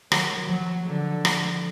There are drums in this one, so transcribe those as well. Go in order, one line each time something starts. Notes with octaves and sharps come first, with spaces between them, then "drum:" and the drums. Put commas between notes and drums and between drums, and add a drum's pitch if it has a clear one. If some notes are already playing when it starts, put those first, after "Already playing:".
D#3 F#3, drum: rim click
F3 F#3
D3
drum: rim click